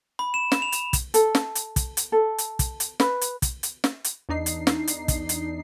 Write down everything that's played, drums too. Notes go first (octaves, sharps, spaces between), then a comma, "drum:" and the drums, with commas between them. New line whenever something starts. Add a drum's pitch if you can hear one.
B5
E7
drum: snare
F7
drum: hi-hat
drum: kick, hi-hat
A4, drum: hi-hat
drum: snare
drum: hi-hat
drum: kick, hi-hat
drum: hi-hat
A4
drum: hi-hat
drum: kick, hi-hat
drum: hi-hat
B4, drum: snare
drum: hi-hat
drum: kick, hi-hat
drum: hi-hat
drum: snare
drum: hi-hat
E2 D4 D#4 C7
drum: hi-hat
drum: snare
drum: hi-hat
drum: kick, hi-hat
drum: hi-hat